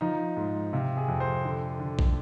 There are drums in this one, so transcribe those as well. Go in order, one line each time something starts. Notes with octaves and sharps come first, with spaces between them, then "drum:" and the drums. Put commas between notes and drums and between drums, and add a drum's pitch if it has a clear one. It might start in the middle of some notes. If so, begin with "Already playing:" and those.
F3 D#4
G#2
C3 F4
G#4
F2
C5
D3
D3
drum: kick A#1